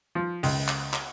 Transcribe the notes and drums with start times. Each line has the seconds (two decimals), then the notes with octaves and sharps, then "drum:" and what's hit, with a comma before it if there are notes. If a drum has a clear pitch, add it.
0.15 F3
0.43 C#2, drum: open hi-hat
0.68 drum: clap
0.93 drum: clap